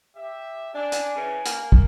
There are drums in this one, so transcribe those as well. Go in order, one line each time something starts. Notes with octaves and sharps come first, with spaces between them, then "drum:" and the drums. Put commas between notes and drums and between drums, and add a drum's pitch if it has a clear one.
G4 E5
D4 G#5
drum: hi-hat
C#3 E3 C#4
A#3, drum: hi-hat
drum: kick